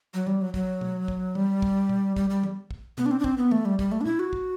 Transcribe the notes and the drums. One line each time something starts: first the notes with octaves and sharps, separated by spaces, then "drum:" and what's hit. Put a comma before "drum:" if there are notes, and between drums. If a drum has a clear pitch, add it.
F#3
G3, drum: tom
F#3
F#3, drum: kick
drum: tom B2
drum: kick
G3, drum: tom
drum: kick
drum: tom A#2
G3, drum: kick
G3
drum: tom
drum: kick
B3, drum: tom B2
D4
C4
D4
C4, drum: kick
B3
A3, drum: tom
G3
G3, drum: kick
A3
D4
E4, drum: tom A#2
F#4
drum: kick